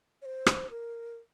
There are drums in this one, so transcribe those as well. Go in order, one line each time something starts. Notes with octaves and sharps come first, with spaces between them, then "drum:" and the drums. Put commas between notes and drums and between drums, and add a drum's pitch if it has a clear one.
C#5
C5
drum: rim click
A#4